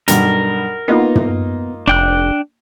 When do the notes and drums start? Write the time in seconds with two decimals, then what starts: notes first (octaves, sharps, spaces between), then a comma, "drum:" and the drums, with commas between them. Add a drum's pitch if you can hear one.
0.08 B1 G2 A#4, drum: hi-hat
0.88 A#3 B3 D#4 F4
1.15 drum: tom
1.88 F1 D4 G5 F#6